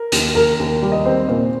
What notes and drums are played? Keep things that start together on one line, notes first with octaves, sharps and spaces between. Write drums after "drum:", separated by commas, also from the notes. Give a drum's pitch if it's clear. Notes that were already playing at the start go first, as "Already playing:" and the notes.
Already playing: A#4
D#2, drum: hi-hat
D#2 A#4
D#2
G3
D#5
C4 C5
A#2 C5